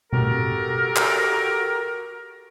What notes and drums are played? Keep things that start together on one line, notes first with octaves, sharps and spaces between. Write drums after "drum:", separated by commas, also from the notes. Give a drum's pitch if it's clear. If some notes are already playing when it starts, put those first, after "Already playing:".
F#4 G4 A4 A#4, drum: tom B2
drum: clap